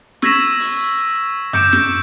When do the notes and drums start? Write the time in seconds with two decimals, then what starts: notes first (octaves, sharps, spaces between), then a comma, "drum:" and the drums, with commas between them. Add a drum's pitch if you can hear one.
0.22 C#6 E6 G#6 A#6 B6 E7, drum: snare
0.60 drum: open hi-hat
1.53 D6 G6 C#7 D7 E7, drum: tom F#2
1.73 drum: snare